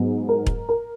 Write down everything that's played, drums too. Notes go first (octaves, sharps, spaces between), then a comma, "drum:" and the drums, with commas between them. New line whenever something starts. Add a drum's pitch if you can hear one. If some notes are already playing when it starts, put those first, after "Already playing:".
Already playing: G#2 F#3 B3
A#4
drum: kick E1
A#4